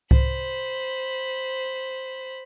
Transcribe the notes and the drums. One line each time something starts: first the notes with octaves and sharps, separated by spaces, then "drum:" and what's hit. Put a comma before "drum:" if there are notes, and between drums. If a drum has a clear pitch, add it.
C5 B5, drum: kick C2